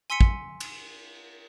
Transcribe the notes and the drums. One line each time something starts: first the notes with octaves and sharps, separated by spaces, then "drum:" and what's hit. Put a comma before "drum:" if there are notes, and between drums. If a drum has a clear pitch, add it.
G#5 C6 E6 B6 C#7 D#7
drum: kick
drum: cymbal